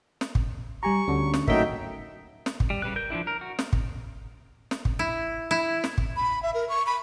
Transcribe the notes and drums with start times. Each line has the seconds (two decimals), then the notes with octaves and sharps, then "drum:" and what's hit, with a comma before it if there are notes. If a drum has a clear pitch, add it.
0.21 drum: snare
0.35 drum: kick
0.83 G3 G4 G#5 A#5 C#6
1.08 D2 D3 C#4
1.34 drum: snare
1.48 G#1 F#3 A3 A#3 D#4 E5 G5, drum: kick
2.46 drum: snare
2.60 drum: kick
2.70 G3
2.82 C#3 G3 B4 F#6
2.96 A#4 G6
3.10 F3 A#3 D4 E4
3.27 A#4
3.41 F#4
3.59 drum: snare
3.73 drum: kick
4.71 drum: snare
4.85 drum: kick
4.99 E4
5.51 E4
5.84 drum: snare
5.98 drum: kick
6.16 B5
6.43 E5
6.54 A#4
6.69 C#6
6.86 B5